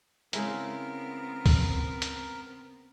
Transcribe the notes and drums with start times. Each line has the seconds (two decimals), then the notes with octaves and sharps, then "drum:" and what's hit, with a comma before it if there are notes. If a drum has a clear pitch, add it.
0.33 C#3 G#3 B3 C4 E4 A#4, drum: hi-hat
1.46 drum: kick C#2, open hi-hat
2.02 drum: hi-hat